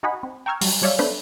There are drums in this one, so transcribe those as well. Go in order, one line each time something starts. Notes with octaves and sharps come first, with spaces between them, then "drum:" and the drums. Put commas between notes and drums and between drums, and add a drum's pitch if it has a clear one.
D#4 F#4 D#5 F#5 G#5 B5
C4
G5 A#5 C#6 E6 F6 G#6
F#3 G3, drum: open hi-hat
F#3 G3 C#5 D5 E5 F5
A3 B3 D4 B4 C5 E5